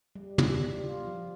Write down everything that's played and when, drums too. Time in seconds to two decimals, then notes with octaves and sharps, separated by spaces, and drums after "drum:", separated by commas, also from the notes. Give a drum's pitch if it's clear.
0.15 G3
0.38 G3, drum: tom
0.61 G3
0.84 F4
1.07 F3